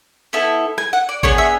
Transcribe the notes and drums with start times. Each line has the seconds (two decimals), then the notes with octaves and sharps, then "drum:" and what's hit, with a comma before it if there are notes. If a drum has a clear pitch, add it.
0.33 B3 E4 A4
0.78 G#5, drum: rim click
0.93 F#5
1.09 D5
1.23 B3 D4 G#4 C#5, drum: kick G#1
1.38 E5